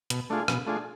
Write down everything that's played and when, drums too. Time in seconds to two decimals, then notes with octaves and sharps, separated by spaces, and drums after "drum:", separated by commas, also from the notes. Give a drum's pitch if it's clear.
0.10 B2, drum: hi-hat
0.30 A3 D4 F4 G#4
0.48 B2, drum: rim click
0.67 A3 D4 F4 G#4